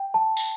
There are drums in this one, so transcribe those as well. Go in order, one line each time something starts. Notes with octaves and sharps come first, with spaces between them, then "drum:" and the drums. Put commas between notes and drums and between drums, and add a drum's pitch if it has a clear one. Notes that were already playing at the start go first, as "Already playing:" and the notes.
Already playing: G5
A5
drum: tambourine